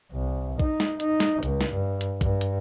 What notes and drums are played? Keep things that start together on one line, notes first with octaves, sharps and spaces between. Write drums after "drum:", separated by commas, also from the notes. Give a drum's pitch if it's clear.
C2
D#4, drum: kick A#1
drum: snare
D#4, drum: hi-hat
drum: snare
C#2, drum: hi-hat
drum: snare
G2
drum: hi-hat
G2, drum: kick A#1, hi-hat
drum: hi-hat